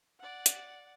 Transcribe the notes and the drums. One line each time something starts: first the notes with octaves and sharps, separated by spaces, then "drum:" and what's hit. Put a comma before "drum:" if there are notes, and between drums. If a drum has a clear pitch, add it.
D5 F#5
drum: hi-hat